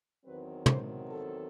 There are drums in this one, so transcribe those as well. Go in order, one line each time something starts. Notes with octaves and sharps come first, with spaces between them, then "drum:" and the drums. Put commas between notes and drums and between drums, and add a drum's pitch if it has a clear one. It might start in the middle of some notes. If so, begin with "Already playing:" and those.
E2 D#3 F#3 C4 B4
C5, drum: tom
A4